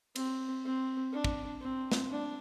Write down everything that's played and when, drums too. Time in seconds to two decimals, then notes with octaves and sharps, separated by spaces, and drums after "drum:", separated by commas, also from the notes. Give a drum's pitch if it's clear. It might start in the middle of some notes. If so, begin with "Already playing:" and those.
0.16 C4, drum: cymbal
0.65 C4
1.12 D4
1.24 drum: kick
1.61 C4
1.92 drum: snare
2.10 D4